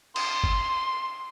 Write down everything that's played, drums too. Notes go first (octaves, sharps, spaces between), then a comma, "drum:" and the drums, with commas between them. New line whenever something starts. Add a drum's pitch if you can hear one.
C6, drum: cymbal
drum: kick